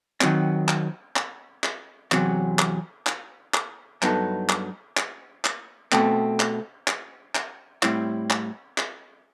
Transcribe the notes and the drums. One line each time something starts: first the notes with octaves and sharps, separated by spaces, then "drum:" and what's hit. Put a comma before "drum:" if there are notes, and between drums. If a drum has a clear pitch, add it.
D#3 F#3 C4, drum: clap
drum: clap
drum: clap
drum: clap
E2 C3 F#3, drum: clap
drum: clap
drum: clap
drum: clap
G2 F#3 B3 D#4 A4, drum: clap
drum: clap
drum: clap
drum: clap
B2 A3 C4, drum: clap
drum: clap
drum: clap
drum: clap
A2 G3 C4 E4, drum: clap
drum: clap
drum: clap